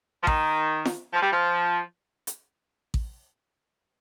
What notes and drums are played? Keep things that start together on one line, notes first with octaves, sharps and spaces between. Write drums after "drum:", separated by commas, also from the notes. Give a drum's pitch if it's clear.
F3
D#3, drum: kick A1
drum: snare F4
F3
G3
F3
drum: hi-hat
drum: kick A1